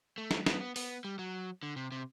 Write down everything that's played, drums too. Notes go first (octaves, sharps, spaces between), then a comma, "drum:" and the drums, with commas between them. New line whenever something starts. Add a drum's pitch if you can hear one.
A3
drum: snare
B3, drum: snare
B3
B3, drum: open hi-hat
G3
F#3
D3
C3
C3